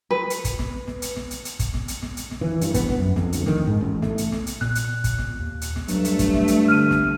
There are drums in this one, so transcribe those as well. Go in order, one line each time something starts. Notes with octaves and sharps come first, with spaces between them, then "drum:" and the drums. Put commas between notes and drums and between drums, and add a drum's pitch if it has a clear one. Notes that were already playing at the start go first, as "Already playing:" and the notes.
B4
drum: hi-hat
drum: kick, hi-hat
drum: snare
drum: snare
drum: hi-hat
drum: snare
drum: hi-hat
drum: hi-hat
drum: kick, hi-hat
drum: snare
drum: hi-hat
drum: snare
drum: hi-hat
drum: snare
E3
G2, drum: hi-hat
B3, drum: kick, hi-hat
drum: snare
F#2
F2, drum: snare
D2, drum: hi-hat
D#3, drum: snare
G#2
A1
A3, drum: snare
drum: hi-hat
drum: snare
drum: hi-hat
A#2 F#6, drum: snare
drum: hi-hat
drum: kick, hi-hat
drum: snare
D#2
drum: hi-hat
drum: snare
G2 F#3 A3, drum: hi-hat
drum: hi-hat
drum: kick, hi-hat
drum: snare
drum: hi-hat
D3 F6 D#7
drum: snare